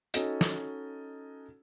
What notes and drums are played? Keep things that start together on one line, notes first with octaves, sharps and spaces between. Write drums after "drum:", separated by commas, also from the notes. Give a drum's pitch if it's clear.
C#4 D#4 F#4 A4 D#5, drum: hi-hat
drum: snare